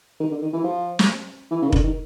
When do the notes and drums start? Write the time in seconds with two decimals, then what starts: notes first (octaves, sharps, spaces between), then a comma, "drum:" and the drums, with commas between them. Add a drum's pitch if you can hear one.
0.20 D#3
0.31 D3
0.42 D#3
0.53 E3
0.64 F3
0.99 drum: snare
1.51 E3
1.62 C#3
1.68 D#3
1.72 D3, drum: kick F1
1.84 D#3